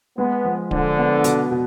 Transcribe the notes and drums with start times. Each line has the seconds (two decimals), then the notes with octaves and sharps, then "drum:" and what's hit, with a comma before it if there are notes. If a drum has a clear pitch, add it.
0.18 G#3 B3
0.45 F3
0.71 D3 F3, drum: kick D1
0.98 B3
1.24 B2, drum: hi-hat
1.51 B2